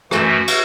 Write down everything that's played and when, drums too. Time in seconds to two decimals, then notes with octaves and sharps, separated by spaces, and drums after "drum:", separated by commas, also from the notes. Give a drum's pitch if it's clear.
0.11 F#2 E3 A3 F#4, drum: rim click
0.47 drum: cymbal